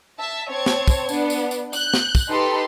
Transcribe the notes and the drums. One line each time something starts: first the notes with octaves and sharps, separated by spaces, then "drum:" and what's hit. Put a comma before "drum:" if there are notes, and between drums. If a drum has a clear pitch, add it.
E5 A5
C4 C#5 A5 G#6
drum: snare
drum: kick, tambourine
B3 D4, drum: tambourine
drum: tambourine
drum: tambourine
F#6 G6, drum: tambourine
drum: snare
drum: kick, tambourine
D#4 G4 A4 B4 B5 C6